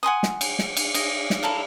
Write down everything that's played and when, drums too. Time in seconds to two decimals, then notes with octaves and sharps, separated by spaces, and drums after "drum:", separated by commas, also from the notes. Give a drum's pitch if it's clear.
0.03 F#5 G#5 C6 D#6
0.23 drum: snare
0.41 drum: cymbal
0.59 drum: snare
0.77 drum: cymbal
0.94 D#5, drum: cymbal
1.30 drum: snare
1.43 E4 A4 A#4 F5